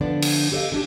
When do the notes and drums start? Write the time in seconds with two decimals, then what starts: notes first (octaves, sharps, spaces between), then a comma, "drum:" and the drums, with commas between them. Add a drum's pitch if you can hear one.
0.01 D3 F3 B3 D4 D5
0.22 drum: cymbal
0.52 G4 A4 C#5 D#5 F5
0.72 D3 D4 G4